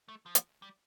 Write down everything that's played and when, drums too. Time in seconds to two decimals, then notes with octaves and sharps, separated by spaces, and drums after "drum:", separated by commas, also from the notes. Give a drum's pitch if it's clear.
0.09 A3
0.26 F3
0.35 drum: hi-hat
0.62 G3